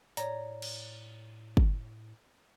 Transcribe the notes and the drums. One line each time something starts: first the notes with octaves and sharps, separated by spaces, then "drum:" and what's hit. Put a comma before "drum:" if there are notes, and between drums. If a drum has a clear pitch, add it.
A2 C#5 D5 A#5, drum: hi-hat
drum: cymbal
drum: kick